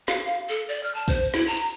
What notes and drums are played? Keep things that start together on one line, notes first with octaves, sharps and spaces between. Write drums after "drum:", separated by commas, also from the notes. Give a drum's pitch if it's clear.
F5, drum: snare
A4
D5
F6
A5
C5, drum: kick, cymbal
E4, drum: snare
A#5
drum: cymbal